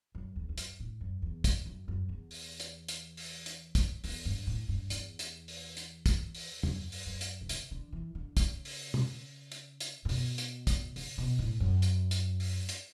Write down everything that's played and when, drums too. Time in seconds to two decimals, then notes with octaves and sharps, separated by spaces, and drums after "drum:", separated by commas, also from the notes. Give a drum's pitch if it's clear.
0.15 F#2
0.36 E2
0.49 E2
0.58 F#2, drum: hi-hat
0.80 A2
1.01 F#2
1.22 E2
1.44 drum: kick, hi-hat
1.66 F#2
1.88 F#2
2.09 E2
2.31 drum: open hi-hat
2.60 drum: hi-hat
2.88 drum: hi-hat
3.17 drum: open hi-hat
3.46 drum: hi-hat
3.75 drum: kick, hi-hat
4.04 E2, drum: open hi-hat
4.26 G2
4.47 A2
4.69 G2
4.90 E2, drum: hi-hat
5.19 drum: hi-hat
5.48 drum: open hi-hat
5.77 drum: hi-hat
6.06 drum: kick, hi-hat
6.34 drum: open hi-hat
6.63 F#2, drum: tom E2
6.92 drum: open hi-hat
7.06 F#2
7.21 drum: hi-hat
7.41 B2
7.49 C#3, drum: hi-hat
7.71 D3
7.93 E3
8.15 D3
8.37 C#3, drum: kick, hi-hat
8.65 drum: open hi-hat
8.94 drum: tom
9.52 drum: hi-hat
9.80 drum: hi-hat
10.05 A2
10.09 B2, drum: open hi-hat
10.38 drum: hi-hat
10.67 drum: kick, hi-hat
10.96 C#3, drum: open hi-hat
11.18 B2
11.39 A2
11.60 F#2
11.82 drum: hi-hat
12.11 drum: hi-hat
12.40 drum: open hi-hat
12.69 drum: hi-hat